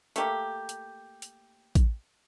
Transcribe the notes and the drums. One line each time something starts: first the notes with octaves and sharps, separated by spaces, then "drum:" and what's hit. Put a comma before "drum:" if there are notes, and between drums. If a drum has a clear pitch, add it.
A3 A#3 G4, drum: hi-hat
drum: hi-hat
drum: hi-hat
drum: kick A1, hi-hat